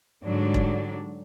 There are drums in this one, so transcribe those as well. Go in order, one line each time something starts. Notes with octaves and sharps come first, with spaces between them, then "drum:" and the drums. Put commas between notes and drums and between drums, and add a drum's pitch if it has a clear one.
G#2 D3 F#3 G3 D4
drum: kick E1